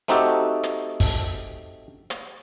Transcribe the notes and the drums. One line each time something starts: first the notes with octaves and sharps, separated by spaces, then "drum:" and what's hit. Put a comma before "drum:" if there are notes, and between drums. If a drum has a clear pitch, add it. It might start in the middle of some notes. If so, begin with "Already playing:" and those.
A3 C4 D#4 F#4 G4 A4
drum: hi-hat
drum: kick, open hi-hat
drum: hi-hat